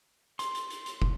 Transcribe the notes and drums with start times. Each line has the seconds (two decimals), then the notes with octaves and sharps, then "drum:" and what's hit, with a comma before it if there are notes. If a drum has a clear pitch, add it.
0.39 C6, drum: hi-hat
0.55 drum: hi-hat
0.70 drum: hi-hat
0.86 drum: hi-hat
1.02 drum: kick